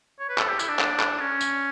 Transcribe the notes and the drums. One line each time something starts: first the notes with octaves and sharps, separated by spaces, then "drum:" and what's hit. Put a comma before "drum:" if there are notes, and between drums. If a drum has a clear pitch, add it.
C#5
B4
A4, drum: clap
G4
E4, drum: tambourine
D4
drum: clap
drum: clap
C#4
drum: tambourine